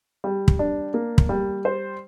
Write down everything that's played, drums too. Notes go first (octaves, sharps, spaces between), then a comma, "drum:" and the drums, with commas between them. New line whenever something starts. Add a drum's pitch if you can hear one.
G3
drum: kick
D4
A#3
drum: kick
G3
C5